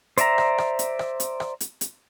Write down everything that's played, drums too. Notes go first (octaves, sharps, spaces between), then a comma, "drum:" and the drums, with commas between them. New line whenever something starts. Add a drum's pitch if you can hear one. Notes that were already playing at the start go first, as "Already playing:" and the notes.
C5 D5 E5 A#5, drum: hi-hat
drum: rim click
drum: rim click
drum: hi-hat
drum: rim click
drum: hi-hat
drum: rim click
drum: hi-hat
drum: hi-hat